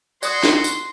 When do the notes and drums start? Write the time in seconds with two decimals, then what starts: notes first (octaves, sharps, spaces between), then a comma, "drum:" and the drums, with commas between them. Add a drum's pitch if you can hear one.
0.23 F#4 D5 C6 D#6, drum: tambourine
0.43 drum: snare
0.64 drum: tambourine